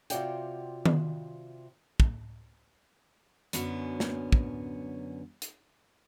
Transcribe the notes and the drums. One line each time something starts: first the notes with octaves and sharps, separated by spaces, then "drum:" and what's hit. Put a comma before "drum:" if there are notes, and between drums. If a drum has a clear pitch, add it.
C3 F4 F#4 D5 F#5 G5, drum: hi-hat
drum: tom D#3
drum: kick
F#2 D3 F#3 B3 C#4, drum: hi-hat
drum: snare
drum: kick
drum: hi-hat